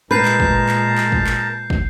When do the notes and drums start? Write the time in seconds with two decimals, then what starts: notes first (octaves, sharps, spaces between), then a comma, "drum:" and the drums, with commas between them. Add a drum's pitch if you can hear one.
0.11 A#2 G#3 A#4 B4 A5 A#5 G6 C7
0.25 drum: clap
0.40 drum: kick
0.69 drum: clap
0.98 drum: clap
1.12 drum: kick
1.27 drum: clap
1.70 drum: kick